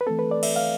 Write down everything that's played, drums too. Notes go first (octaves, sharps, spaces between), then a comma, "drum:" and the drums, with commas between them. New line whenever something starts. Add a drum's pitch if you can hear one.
B4
E3 A3 C4 A4
B4
D5
E5, drum: cymbal
F5